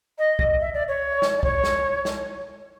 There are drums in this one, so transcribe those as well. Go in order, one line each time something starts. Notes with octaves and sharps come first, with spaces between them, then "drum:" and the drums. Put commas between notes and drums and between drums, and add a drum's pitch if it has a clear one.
D#5
drum: kick
E5
D5
C#5
drum: snare
D5
C#5, drum: kick
drum: snare
drum: snare